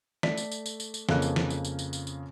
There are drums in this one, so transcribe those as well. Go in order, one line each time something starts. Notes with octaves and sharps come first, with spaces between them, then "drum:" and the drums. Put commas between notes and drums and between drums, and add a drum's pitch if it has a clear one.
A3 A4 D5 B6, drum: snare
drum: tambourine
drum: tambourine
drum: tambourine
drum: tambourine
drum: tambourine
F2 C#3 A#3 F5 F#6, drum: snare
drum: tambourine
drum: snare
drum: tambourine
drum: tambourine
drum: tambourine
drum: tambourine
drum: tambourine